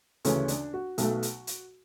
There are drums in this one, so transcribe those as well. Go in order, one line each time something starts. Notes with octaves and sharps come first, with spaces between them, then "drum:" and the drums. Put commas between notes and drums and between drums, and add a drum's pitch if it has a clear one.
D2 C#3 E3 A3 C#4, drum: hi-hat
D4, drum: hi-hat
F#4
B1 B2 F#3 A3, drum: hi-hat
drum: hi-hat
drum: hi-hat